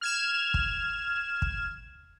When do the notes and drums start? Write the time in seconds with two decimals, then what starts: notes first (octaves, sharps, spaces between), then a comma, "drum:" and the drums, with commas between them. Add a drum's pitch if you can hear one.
0.01 F6 G#6 E7
0.54 drum: kick
1.42 drum: kick